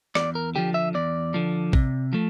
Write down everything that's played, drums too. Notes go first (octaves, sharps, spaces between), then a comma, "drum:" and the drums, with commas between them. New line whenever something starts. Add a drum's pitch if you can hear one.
E2 D5, drum: rim click
A#4
D3 F3 G4
E5
E2 D5
D3 F3
C3, drum: kick A1
F3 A3